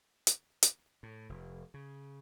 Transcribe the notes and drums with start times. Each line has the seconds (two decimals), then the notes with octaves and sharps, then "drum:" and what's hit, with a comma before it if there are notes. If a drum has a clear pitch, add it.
0.27 drum: hi-hat
0.63 drum: hi-hat
1.03 A2
1.29 F1
1.74 C#3